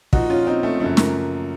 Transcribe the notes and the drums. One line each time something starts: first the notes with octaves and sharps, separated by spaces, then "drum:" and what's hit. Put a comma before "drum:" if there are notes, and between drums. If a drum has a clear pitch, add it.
A#2 F3 D#4 F#4, drum: kick
C#4 F4
C4 D#4
A3 C4
F#2 C#3 F3 A3
A#3, drum: snare